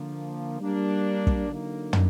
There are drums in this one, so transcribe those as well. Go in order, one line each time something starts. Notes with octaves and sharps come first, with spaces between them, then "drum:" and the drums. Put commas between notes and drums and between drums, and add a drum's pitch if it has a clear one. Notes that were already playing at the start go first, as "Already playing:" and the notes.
Already playing: D3 F3 A#3
G3 A#3 D4
drum: kick
D3 F#3 A#3 D#4
drum: tom